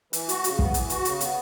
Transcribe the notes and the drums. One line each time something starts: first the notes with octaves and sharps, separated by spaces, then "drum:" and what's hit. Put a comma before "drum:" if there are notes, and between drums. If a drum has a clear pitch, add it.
E3, drum: hi-hat
F#4, drum: hi-hat
C#3, drum: hi-hat
B3, drum: kick
E3, drum: hi-hat
F#4, drum: hi-hat
C#3, drum: hi-hat
B3, drum: hi-hat